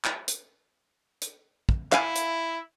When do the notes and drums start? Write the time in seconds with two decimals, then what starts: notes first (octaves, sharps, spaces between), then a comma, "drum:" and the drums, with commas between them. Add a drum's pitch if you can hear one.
0.05 drum: clap
0.28 drum: hi-hat
1.22 drum: hi-hat
1.69 drum: kick
1.92 E4 F5 G#5, drum: clap
2.16 drum: hi-hat